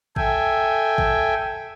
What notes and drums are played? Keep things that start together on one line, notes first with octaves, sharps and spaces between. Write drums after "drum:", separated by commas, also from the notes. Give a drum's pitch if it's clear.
A4 E5 G5 G#5, drum: kick
drum: kick